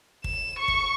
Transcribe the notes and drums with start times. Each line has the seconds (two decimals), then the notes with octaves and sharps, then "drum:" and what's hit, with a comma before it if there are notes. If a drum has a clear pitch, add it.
0.24 E7, drum: kick
0.59 C#6
0.68 drum: kick